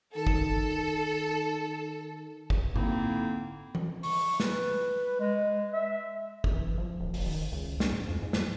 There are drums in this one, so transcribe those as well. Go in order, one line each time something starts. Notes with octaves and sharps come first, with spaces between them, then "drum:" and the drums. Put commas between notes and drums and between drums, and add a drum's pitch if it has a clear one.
D#3 A4
drum: kick
drum: kick
D3 A#3 C4 D#4 E4, drum: tom G#2
drum: tom E3
C#6, drum: open hi-hat
B4, drum: snare
G#3
E5
drum: kick
E3
F3
D1
F#1, drum: open hi-hat
D#3
C#2
D4, drum: snare
G#2
F2
G#2
F3, drum: snare